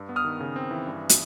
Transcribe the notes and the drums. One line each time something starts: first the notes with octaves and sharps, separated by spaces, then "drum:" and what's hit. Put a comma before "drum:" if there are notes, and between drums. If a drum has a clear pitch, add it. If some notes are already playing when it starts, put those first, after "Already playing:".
Already playing: G2
B3
D#6 F6
D#3
C#3
C4
E3
G2
drum: hi-hat